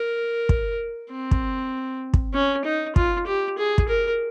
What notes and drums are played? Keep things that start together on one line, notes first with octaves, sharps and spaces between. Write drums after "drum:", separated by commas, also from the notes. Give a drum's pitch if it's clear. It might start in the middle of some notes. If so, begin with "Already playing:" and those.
Already playing: A#4
drum: kick
C4
drum: kick
drum: kick
C#4
D#4
F4, drum: kick
G4
G#4
drum: kick
A#4